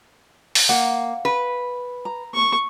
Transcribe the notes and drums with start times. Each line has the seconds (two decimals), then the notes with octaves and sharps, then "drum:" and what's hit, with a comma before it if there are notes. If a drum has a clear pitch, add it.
0.55 drum: open hi-hat
0.69 A#3 F5 F#5
1.25 B4
2.05 A#5
2.35 C#6